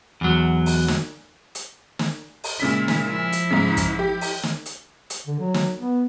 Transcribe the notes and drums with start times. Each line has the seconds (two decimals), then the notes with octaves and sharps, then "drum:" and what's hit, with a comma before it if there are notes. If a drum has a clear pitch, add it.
0.21 E2 F#3
0.66 drum: open hi-hat
0.88 drum: snare
1.55 drum: hi-hat
1.99 drum: snare
2.44 drum: open hi-hat
2.60 A#2 C#3 G#3 E4 B6
2.88 drum: snare
3.07 F3 E4
3.32 drum: hi-hat
3.50 G#2 C#3
3.77 drum: kick, hi-hat
3.99 G4
4.21 drum: open hi-hat
4.43 drum: snare
4.66 drum: hi-hat
5.10 drum: hi-hat
5.26 D3
5.40 F#3
5.54 drum: snare
5.77 B3